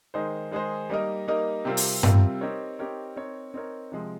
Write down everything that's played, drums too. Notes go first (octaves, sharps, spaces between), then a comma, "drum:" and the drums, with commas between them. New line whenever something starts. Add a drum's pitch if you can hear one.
D#3 G#3 D#4 G#4 C5
D#3 G#3 D#4 G#4 C5
G3 A#3 D#4 A#4 D#5
G3 A#3 D#4 A#4 D#5
C3 G3 C4 F4 A#4
drum: open hi-hat
C3 G3 C4 F4 A#4, drum: tom G2
C4 D#4 G4 A#4 C#5
C4 D#4 G4 A#4 C#5
C4 D#4 A#4 C#5
C4 D#4 A#4 C#5
C3 F3 G#3